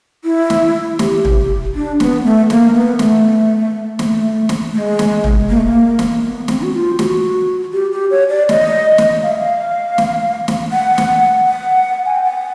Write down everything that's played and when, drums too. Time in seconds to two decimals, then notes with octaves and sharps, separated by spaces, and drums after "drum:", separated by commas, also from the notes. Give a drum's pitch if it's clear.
0.25 E4
0.50 drum: snare
0.99 G4, drum: snare
1.25 drum: tom
1.75 D4
2.00 B3, drum: snare
2.24 A3
2.50 A#3, drum: snare
2.75 B3
2.99 A3, drum: snare
3.99 A#3, drum: snare
4.04 A3
4.49 drum: snare
4.74 A3
4.78 G#3
4.99 drum: snare
5.24 drum: tom
5.49 A#3
5.57 A3
5.65 A#3
5.99 drum: snare
6.24 B3
6.48 C4, drum: snare
6.62 F#4
6.73 F4
6.99 G4, drum: snare
7.03 F#4
7.73 G4
7.92 G4
8.11 C#5
8.30 D5
8.49 D#5, drum: snare
8.98 drum: snare
9.23 F5
9.31 E5
9.39 F5
9.98 drum: snare
10.48 drum: snare
10.72 F#5
10.98 drum: snare
11.47 F#5
12.06 G#5
12.15 G5
12.23 F#5